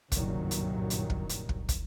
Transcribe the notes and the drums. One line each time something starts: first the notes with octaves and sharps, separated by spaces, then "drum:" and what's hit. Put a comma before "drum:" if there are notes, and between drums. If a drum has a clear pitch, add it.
F#1 C2 G2 A#2 D#3 F#3, drum: kick, hi-hat
drum: hi-hat
drum: hi-hat
drum: kick
drum: hi-hat
drum: kick
drum: kick, hi-hat